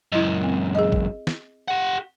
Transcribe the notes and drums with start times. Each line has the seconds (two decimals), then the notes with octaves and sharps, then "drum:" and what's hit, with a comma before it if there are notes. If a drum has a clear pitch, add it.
0.12 C#2 F#2 E4 D#5
0.44 C4
0.75 G#4 D#5
0.92 drum: kick
1.27 drum: snare
1.68 G4 F#5